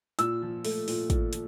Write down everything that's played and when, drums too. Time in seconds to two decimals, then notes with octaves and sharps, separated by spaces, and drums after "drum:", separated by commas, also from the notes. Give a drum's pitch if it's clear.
0.19 A#2 E6, drum: hi-hat
0.42 F3
0.65 A3, drum: open hi-hat
0.88 A#2, drum: open hi-hat
1.10 A#2, drum: kick, hi-hat
1.33 F3, drum: hi-hat